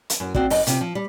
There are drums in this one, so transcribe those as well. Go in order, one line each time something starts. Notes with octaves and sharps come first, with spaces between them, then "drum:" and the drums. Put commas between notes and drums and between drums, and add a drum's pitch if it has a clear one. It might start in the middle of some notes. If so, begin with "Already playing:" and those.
drum: hi-hat
F#2
C4 F#4 D5, drum: kick
F#2 D#5, drum: open hi-hat
C3 F4, drum: hi-hat
F3
G3